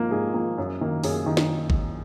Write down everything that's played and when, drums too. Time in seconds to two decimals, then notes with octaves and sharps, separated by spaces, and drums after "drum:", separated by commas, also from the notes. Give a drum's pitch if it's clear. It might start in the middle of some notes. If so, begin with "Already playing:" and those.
Already playing: G#2 F3 A#3
0.11 G#2 G#4
0.34 F3 A#3
0.58 F#2
0.81 D#3 A#3
1.04 F#2 G#4, drum: open hi-hat
1.26 D#3
1.37 drum: snare
1.70 drum: kick G#1